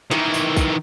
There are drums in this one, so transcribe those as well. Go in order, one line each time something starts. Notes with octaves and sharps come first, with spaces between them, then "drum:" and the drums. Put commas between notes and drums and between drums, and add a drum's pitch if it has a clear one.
D#3 E3, drum: snare
drum: tambourine
drum: kick, tambourine